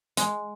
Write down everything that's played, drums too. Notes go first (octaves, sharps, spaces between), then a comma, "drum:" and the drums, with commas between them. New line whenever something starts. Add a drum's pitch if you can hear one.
G#3, drum: hi-hat